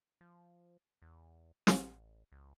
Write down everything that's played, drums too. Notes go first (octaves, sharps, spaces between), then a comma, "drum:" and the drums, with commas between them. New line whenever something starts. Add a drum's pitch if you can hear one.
F3
E2
A1, drum: snare
C#2